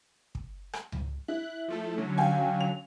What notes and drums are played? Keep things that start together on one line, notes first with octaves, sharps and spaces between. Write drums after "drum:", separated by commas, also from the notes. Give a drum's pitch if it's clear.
drum: kick
drum: rim click
drum: tom C#2
E4 F#6
F3 A3 A4
D3 F#3 C#4
F5 G5 G#5
F7